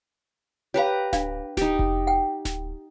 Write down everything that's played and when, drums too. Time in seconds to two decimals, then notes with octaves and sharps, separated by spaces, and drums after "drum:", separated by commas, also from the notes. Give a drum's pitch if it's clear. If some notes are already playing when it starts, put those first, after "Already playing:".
0.74 G4 B4 C#5 F5 A#5
1.13 D4 F5, drum: snare D1
1.57 D#4 G4, drum: snare D1
1.79 drum: kick F1
2.07 F#5 G5
2.45 drum: snare D1